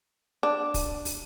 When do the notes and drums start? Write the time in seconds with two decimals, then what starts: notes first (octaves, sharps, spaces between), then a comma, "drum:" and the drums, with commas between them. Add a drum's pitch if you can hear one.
0.43 D4
0.74 drum: kick, open hi-hat
1.05 drum: open hi-hat